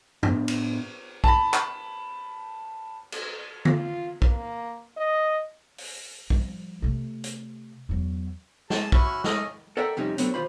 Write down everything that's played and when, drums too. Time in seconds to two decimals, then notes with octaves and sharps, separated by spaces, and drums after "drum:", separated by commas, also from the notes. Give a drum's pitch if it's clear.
0.23 A2 B3 D4, drum: tom
0.48 drum: cymbal
1.24 A5 B5, drum: kick
1.54 drum: clap
3.12 drum: cymbal
3.65 F4, drum: tom D3
4.22 A#3, drum: kick
4.97 D#5
5.78 drum: open hi-hat
6.30 F3 G3, drum: kick
6.82 C3 A3
7.24 drum: hi-hat
7.89 E2 F#3
8.70 G#4 A5, drum: snare
8.92 C#4 E4 F#4, drum: kick
9.24 A3 C#4 D#5, drum: snare
9.77 A4 A#4 D5 E5 F#5 G5
9.97 F2 C3 G3 C#4 D#4
10.18 F#3 A3 B3 C4 D4, drum: hi-hat
10.34 D#2 F4 C5 B5